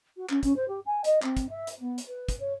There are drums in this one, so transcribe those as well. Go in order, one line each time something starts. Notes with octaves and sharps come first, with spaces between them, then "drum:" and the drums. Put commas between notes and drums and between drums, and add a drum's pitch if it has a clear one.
F#4
C#4, drum: clap
C#4, drum: kick, hi-hat
C5
G4
G#5
D#5, drum: hi-hat
C4, drum: clap
drum: kick, hi-hat
E5
drum: hi-hat
B3
drum: hi-hat
B4
drum: kick, hi-hat
C#5